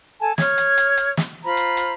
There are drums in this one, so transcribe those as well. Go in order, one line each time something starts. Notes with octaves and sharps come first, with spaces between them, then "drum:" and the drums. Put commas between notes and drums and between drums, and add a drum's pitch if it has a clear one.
A4 G#5 A5
C#5 F6 G#6, drum: snare
drum: hi-hat
drum: hi-hat
drum: hi-hat
drum: snare
F4 C5 A#5 B5
drum: hi-hat
drum: hi-hat